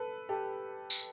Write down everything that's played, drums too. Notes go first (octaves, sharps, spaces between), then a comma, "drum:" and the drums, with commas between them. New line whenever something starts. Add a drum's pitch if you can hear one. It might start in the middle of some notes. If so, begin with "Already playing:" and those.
Already playing: A4 B4
G4 A4
drum: tambourine